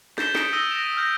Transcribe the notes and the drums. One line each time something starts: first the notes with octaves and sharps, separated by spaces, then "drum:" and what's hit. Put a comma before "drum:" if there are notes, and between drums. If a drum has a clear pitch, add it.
G6 A6 B6 E7 G7, drum: snare
D#6 B6 C#7 D7, drum: snare
D#6 E6 A#6 D#7 G7
A#6 E7 F7
G6 D#7
F6 G6 A#6 D7